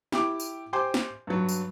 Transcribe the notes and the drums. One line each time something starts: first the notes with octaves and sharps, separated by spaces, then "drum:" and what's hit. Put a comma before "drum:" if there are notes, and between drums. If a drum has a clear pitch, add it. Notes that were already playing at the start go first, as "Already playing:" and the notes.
E4 G4 D6, drum: snare
drum: tambourine
G4 C5 G5 G#5 C6 D6
drum: snare
G2 F#3
drum: tambourine